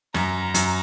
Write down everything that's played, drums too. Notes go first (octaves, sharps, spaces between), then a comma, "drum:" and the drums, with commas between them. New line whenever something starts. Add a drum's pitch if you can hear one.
F#2 A#5, drum: snare
F#2, drum: hi-hat